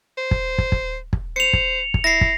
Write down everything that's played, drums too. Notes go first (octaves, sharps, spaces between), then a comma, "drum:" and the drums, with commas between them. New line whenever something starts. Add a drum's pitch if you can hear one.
C5
drum: kick
drum: kick
drum: kick
drum: kick
C5 C#7 F7
drum: kick
drum: kick
E4 A#6 C7
drum: kick